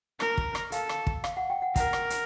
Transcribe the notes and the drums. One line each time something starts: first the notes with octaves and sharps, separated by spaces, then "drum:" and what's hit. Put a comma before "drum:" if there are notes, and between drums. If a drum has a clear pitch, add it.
A#4, drum: rim click
drum: kick
drum: rim click
A4 F5, drum: hi-hat
drum: rim click
drum: kick
F5, drum: rim click
F#5
G5
F#5
A#4 F#5, drum: kick, hi-hat
drum: rim click
drum: hi-hat